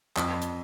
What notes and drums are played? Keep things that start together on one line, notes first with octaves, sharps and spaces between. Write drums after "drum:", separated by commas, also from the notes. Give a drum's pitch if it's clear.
F2, drum: clap
drum: hi-hat